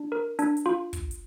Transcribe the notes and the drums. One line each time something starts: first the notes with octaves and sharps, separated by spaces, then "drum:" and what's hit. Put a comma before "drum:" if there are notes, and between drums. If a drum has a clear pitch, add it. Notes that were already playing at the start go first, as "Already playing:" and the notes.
Already playing: D4
A#4
D4, drum: hi-hat
drum: hi-hat
F4
drum: kick, hi-hat
drum: hi-hat